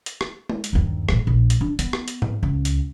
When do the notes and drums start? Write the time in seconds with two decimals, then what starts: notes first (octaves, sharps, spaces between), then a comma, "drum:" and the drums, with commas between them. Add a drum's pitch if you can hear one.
0.06 drum: hi-hat
0.21 drum: rim click
0.49 drum: tom G#3
0.64 drum: hi-hat
0.73 G1 D#2
1.09 A2 A#3, drum: rim click
1.27 A#1
1.50 drum: hi-hat
1.61 D4
1.79 B3, drum: hi-hat
1.93 drum: rim click
2.08 drum: hi-hat
2.22 drum: tom G#2
2.43 C#2
2.65 drum: hi-hat